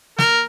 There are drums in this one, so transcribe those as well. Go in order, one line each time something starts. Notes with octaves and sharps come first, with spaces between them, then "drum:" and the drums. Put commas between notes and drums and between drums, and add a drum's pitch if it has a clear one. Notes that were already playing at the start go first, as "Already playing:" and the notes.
A#4, drum: snare